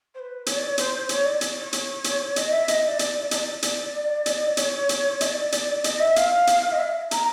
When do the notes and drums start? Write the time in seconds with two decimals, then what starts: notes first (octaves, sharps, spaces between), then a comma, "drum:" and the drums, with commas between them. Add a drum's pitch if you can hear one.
0.14 C5
0.19 B4
0.46 C#5, drum: hi-hat
0.57 D5
0.67 C#5
0.78 C5, drum: hi-hat
1.09 C#5, drum: hi-hat
1.25 D5
1.41 drum: hi-hat
1.56 C#5
1.73 drum: hi-hat
2.04 drum: hi-hat
2.36 D#5, drum: hi-hat
2.51 E5
2.68 D#5, drum: hi-hat
2.84 D#5
2.88 D5
2.99 drum: hi-hat
3.31 D#5, drum: hi-hat
3.34 D5
3.62 drum: hi-hat
4.26 drum: hi-hat
4.57 C#5, drum: hi-hat
4.89 drum: hi-hat
5.21 D#5, drum: hi-hat
5.25 D5
5.52 drum: hi-hat
5.84 D#5, drum: hi-hat
6.00 E5
6.16 F5, drum: hi-hat
6.47 drum: hi-hat
6.72 D#5
6.78 E5
7.11 A#5, drum: hi-hat